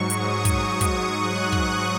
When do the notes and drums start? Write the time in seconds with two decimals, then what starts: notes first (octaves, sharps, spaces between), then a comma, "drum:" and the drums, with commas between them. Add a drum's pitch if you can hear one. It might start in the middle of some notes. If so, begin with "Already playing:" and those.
Already playing: G#2 F#3 C#6
0.10 D#6, drum: hi-hat
0.45 drum: kick, hi-hat
0.63 D#6
0.81 drum: kick, hi-hat
1.17 F#6
1.52 drum: kick